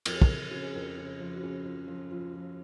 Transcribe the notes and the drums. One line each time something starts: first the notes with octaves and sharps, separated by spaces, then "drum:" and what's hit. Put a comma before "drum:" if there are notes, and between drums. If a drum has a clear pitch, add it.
F2 A#4, drum: cymbal
G#4
A#4, drum: kick
F2
C#3 F#4
G#4
F2 A#4
C#3
F3
F#4
C#3 G#4
F3
F3
F3 F4
F3